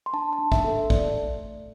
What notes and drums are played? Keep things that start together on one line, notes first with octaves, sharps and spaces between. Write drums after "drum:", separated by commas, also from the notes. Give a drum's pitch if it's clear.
C6
D4 A5
A5
D4
E5, drum: kick
A4
A3 D5, drum: kick